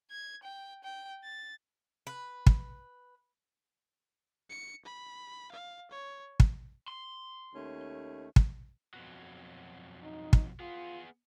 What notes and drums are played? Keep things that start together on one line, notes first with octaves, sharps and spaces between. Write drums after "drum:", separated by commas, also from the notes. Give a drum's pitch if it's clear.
G#6
G5
G5
A6
B4
drum: kick
C#7
B5
F5
C#5
drum: kick
C6
D#2 A3 C#4
drum: kick
F2 B2 F#3
D#4
drum: kick
B3 F4 G#4